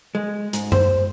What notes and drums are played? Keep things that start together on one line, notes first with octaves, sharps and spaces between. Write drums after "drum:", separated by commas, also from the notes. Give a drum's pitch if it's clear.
G#3
G#2, drum: hi-hat
C5, drum: tom F#2